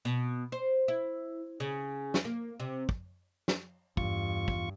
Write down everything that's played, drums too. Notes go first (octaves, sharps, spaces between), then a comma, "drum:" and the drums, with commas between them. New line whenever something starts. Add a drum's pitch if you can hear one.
B2
C5
E4
C#3
drum: snare
A#3
C3
drum: kick
drum: snare
E2 G2 F4 C#6, drum: kick
drum: kick